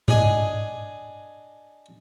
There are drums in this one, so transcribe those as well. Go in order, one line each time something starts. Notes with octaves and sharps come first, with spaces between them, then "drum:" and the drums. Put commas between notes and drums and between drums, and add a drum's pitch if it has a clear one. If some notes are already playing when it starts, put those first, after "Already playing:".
D4 G#4 D#5 G#5, drum: tom G2